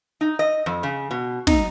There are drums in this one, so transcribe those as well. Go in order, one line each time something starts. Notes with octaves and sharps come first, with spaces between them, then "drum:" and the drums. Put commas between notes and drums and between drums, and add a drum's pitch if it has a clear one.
D#4
D#5
F2
C#3
B2
D#4, drum: snare